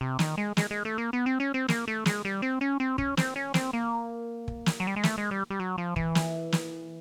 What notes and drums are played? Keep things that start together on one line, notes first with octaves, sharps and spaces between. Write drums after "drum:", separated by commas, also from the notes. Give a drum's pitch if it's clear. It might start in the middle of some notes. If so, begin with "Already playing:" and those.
C3
D#3, drum: snare
G#3
G#3, drum: snare
G#3
A3
A#3
B3
C4
C#4
C4
A#3, drum: snare
A3
G#3, drum: snare
G3
C4
C#4
C4
C#4, drum: kick
C4, drum: snare
C#4
C4, drum: snare
A#3
drum: kick
drum: snare
F#3
G3
G#3
A3, drum: snare
G#3
G3
G3
F#3
F3
E3, drum: kick
drum: snare
drum: snare